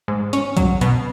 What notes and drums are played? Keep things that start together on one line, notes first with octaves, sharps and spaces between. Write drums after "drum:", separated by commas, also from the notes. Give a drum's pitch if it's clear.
G#2
C#4, drum: hi-hat
F#3, drum: kick, hi-hat
B2, drum: hi-hat